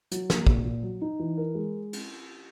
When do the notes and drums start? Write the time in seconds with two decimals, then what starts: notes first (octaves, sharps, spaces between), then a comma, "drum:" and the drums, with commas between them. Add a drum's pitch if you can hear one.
0.11 F#3, drum: hi-hat
0.30 A#3, drum: snare
0.47 A#2, drum: kick
0.64 A#2
0.83 F#3
1.02 D#4
1.19 E3
1.37 A#4
1.55 G#3
1.93 drum: cymbal